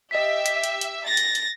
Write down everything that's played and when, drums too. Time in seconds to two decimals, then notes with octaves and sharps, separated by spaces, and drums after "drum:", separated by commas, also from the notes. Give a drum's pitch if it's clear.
0.11 G4 D#5 E5 B6
0.46 B6, drum: hi-hat
0.64 drum: hi-hat
0.81 drum: hi-hat
1.07 A6 A#6
1.17 drum: hi-hat
1.35 drum: hi-hat